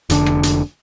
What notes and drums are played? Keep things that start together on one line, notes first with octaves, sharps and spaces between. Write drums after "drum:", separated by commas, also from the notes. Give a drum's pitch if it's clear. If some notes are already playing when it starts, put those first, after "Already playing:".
F1 D3 D4, drum: hi-hat
drum: rim click
drum: hi-hat